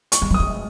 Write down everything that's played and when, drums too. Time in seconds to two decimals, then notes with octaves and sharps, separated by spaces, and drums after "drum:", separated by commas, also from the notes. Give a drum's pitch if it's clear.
0.12 C#6, drum: hi-hat
0.22 G#3
0.31 F#3 D#6
0.40 G#3